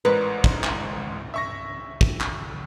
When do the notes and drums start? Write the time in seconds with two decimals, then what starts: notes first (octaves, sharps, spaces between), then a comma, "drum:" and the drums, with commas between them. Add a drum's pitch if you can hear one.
0.05 A1 G#2 A#4 B4
0.44 drum: kick
0.64 drum: clap
1.34 E5 C#6 A#6
2.01 drum: kick
2.21 drum: clap